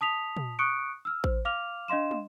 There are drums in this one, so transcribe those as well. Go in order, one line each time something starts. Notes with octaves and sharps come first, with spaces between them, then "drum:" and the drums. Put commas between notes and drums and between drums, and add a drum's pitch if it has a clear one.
A5 D#6 B6 F7
drum: tom
C#6 D#6 F#6 C#7 D7
E6 F6
C5, drum: kick A1
F5 D6 F6 F7
D4 D#5 F5 C6 E7
drum: tom